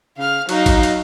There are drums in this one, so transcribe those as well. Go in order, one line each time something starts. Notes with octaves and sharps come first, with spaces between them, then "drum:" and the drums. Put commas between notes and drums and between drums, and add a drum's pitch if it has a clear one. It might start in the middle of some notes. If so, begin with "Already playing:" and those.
C#3 F5 F6
F#3 D#4 F5, drum: cymbal
drum: kick, cymbal
drum: cymbal